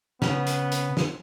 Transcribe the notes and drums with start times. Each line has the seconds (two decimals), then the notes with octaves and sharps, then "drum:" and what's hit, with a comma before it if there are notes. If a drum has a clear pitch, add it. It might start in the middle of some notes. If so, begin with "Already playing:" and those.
0.22 C#3 B3, drum: snare
0.47 drum: hi-hat
0.72 drum: hi-hat
0.97 drum: snare